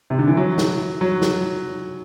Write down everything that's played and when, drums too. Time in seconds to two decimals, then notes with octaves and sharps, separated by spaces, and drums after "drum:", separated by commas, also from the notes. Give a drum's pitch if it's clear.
0.10 C3
0.19 D3
0.27 E3
0.37 F#3
0.58 drum: snare
1.01 F#3
1.22 drum: snare